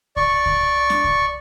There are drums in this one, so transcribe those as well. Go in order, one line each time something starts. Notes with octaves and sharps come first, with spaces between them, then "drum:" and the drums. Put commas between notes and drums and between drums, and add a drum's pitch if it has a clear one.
D5 C#6, drum: kick C2
drum: kick C2
drum: snare
drum: kick C2